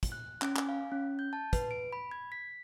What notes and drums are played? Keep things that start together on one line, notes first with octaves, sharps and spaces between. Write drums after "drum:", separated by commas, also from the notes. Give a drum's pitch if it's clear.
drum: kick, hi-hat
F#6
C#4, drum: clap
G#5, drum: clap
F5
C#4
G6
A5
B4, drum: kick, hi-hat
D7
B5
G#6
B6